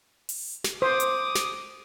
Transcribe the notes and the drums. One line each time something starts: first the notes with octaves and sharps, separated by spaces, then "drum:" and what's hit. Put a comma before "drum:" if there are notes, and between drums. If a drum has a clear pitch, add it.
drum: open hi-hat
drum: snare
C5 D6 D#6
drum: hi-hat
drum: snare